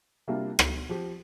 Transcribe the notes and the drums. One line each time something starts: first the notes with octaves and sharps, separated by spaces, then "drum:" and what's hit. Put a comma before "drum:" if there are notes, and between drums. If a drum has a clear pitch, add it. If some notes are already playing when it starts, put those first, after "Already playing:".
C3 G3 A#3 D4 F4
drum: rim click
F3 C4 G4